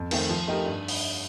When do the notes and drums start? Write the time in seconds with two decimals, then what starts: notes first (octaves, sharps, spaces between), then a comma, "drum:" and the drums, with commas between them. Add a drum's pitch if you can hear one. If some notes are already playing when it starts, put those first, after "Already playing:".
Already playing: F2
0.11 D#3 A3 C4, drum: cymbal
0.29 F3
0.47 A3 D#4 G4 A#4
0.66 G2
0.88 drum: open hi-hat